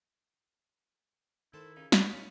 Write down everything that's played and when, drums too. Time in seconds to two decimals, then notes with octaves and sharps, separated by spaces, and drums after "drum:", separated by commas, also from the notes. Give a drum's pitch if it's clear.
1.54 D#3 E4 A4 C5 A5
1.76 C#3 D#4
1.92 D2 F#3 G#3 A#3 B5, drum: snare
2.12 A#2 A3 C#4 D#4 F5